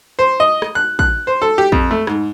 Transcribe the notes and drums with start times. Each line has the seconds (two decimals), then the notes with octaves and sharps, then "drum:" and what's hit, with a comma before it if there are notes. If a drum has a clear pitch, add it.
0.19 C5
0.40 D#5
0.62 drum: rim click
0.75 F#6
0.99 F#6, drum: kick
1.27 C5
1.42 A4
1.58 G4
1.72 F2, drum: kick
1.91 A3
2.07 G#2, drum: rim click